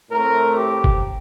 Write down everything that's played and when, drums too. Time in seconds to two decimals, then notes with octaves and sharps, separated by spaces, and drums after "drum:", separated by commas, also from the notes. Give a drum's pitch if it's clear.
0.11 A2 A3 C4 A#4
0.57 G4
0.84 drum: kick G1